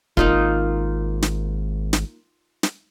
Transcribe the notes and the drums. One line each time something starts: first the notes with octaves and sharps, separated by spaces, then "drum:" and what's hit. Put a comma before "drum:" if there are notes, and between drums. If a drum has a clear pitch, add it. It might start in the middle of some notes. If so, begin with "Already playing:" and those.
G#1 A#3 D#4 F4, drum: kick
drum: snare
drum: snare
drum: snare